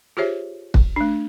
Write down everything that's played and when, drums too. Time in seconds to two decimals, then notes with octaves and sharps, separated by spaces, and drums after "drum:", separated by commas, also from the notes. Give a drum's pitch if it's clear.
0.17 F4 G4 G#4 C5 C#5 E5
0.74 drum: kick
0.96 A3 D4